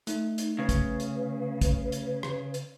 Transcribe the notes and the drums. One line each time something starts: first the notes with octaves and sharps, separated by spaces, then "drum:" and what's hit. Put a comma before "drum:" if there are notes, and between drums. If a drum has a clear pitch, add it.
A3 D#4, drum: hi-hat
drum: hi-hat
C#3 B4
drum: kick, hi-hat
drum: hi-hat
drum: kick, hi-hat
drum: hi-hat
drum: rim click
drum: hi-hat